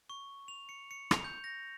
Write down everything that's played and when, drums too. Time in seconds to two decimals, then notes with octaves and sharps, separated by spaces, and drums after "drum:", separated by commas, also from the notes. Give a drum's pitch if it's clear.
0.10 C#6
0.48 F7
0.69 C#7
0.91 C#7
1.11 F7, drum: rim click
1.24 G6
1.44 A#6